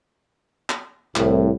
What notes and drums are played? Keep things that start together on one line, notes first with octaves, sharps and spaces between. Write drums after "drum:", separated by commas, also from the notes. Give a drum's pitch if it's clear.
drum: clap
C2 A2, drum: clap